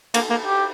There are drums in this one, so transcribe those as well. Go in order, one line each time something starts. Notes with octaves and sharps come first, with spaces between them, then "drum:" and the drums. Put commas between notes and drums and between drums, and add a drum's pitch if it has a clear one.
A#3, drum: cymbal
A#3
G4